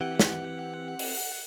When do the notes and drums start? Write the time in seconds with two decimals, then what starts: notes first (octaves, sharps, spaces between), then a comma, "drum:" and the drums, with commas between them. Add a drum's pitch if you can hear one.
0.01 E3 C4 G4 F#5
0.19 drum: snare
0.99 drum: open hi-hat